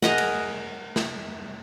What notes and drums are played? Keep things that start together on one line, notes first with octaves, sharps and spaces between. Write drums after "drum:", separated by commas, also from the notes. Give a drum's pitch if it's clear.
G#4 A#4 D#5 F#5, drum: snare
drum: cymbal
drum: snare